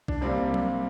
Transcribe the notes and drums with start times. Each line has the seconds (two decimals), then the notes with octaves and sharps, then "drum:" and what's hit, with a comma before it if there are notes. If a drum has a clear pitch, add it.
0.08 D4, drum: kick B1
0.21 C2 C3 G3 A#3 C4
0.54 drum: tom F#3